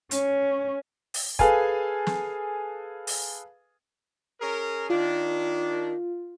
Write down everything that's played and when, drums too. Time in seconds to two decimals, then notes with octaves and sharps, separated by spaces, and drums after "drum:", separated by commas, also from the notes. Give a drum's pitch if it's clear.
0.11 C#4, drum: hi-hat
1.14 drum: open hi-hat
1.39 G#4 A4 B4 F5 G#5, drum: kick
2.07 drum: snare
3.07 drum: open hi-hat
4.40 C#4 G#4 A#4
4.90 D#3 D4 F4